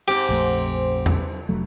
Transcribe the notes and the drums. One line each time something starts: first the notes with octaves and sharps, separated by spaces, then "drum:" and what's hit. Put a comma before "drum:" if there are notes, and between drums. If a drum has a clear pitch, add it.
G#2 C4 G4
A#1 F2 A3
drum: tom E2
F1 F#3 A3